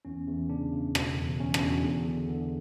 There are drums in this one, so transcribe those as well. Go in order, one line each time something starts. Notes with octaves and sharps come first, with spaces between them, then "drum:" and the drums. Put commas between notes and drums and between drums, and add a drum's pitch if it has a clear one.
E2 C#4
E2
C#3 D4
C#3
B2, drum: rim click
E2
E2 C#4
D4, drum: rim click
E2
F#4
E2 G#4
D3
D3